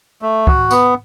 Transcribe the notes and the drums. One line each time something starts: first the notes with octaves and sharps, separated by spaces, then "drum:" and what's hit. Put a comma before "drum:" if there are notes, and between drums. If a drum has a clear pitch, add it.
A3
F#4, drum: kick
B3, drum: tambourine